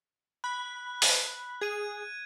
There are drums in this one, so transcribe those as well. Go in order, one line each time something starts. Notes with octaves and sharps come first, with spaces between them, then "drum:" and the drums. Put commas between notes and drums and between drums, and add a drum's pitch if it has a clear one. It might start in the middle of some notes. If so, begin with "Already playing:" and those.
B5 F#6
drum: open hi-hat
G#4 G#6 D#7